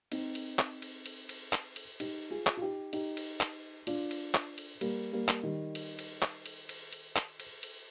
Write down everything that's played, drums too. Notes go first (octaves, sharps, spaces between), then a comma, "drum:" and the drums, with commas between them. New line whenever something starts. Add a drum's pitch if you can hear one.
C4 D#4, drum: cymbal
drum: cymbal
drum: clap
drum: cymbal
drum: cymbal
drum: cymbal
drum: clap
drum: cymbal
D#4 G4, drum: cymbal
F4 G#4
drum: clap
F4
D#4 G4
D#4 G4, drum: cymbal
drum: cymbal
drum: clap
D4 F4, drum: cymbal
drum: cymbal
drum: clap
drum: cymbal
G3 A#3, drum: cymbal
G3 A#3
drum: clap
D#3 G3
drum: cymbal
drum: cymbal
drum: clap
drum: cymbal
drum: cymbal
drum: cymbal
drum: clap
drum: cymbal
drum: cymbal